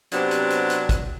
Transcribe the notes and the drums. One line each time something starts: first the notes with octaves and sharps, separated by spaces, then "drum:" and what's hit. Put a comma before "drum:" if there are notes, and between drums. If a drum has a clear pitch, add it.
C3 F#3 B3 C4 D4 G4, drum: hi-hat
drum: hi-hat
drum: hi-hat
drum: hi-hat
drum: kick G#1, hi-hat